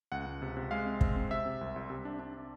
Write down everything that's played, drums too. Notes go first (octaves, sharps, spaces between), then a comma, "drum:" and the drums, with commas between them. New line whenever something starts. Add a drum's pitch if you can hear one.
C#2 F#5
C#2
C3
C3
G#3 F5
C4
C4, drum: kick
C4
C3 E5
C3
C2
C2
C3
D4
D4
D4